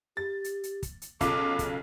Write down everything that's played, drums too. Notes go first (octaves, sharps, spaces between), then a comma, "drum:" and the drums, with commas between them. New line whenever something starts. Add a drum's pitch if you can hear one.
G4 A6
drum: hi-hat
drum: hi-hat
drum: kick, hi-hat
drum: hi-hat
B1 C#3 F4 A4 D6, drum: kick, hi-hat
drum: kick, hi-hat